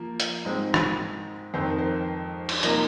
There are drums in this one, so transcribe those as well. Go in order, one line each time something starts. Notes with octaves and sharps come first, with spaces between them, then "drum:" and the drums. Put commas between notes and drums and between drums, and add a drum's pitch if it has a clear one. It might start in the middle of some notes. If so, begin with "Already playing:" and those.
Already playing: F3 A#3 A#4
drum: hi-hat
G#2 G#3 C4
drum: rim click
F2 D#3 C4 C5
A#4
C5
drum: cymbal
C3 F3 A#3 D#4 A#4 D#5, drum: hi-hat